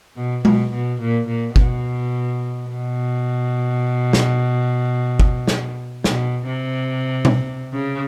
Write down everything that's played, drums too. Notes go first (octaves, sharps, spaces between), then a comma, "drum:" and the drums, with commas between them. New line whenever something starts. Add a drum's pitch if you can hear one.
B2
B2, drum: tom G#3
B2
A#2
A#2
B2, drum: kick
B2
drum: snare
drum: kick
drum: snare
B2, drum: snare
C3
drum: tom B2
C#3